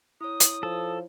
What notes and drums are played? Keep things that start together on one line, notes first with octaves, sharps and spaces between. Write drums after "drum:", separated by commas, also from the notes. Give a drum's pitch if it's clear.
E4 C#5 D#6
drum: hi-hat
F3 A4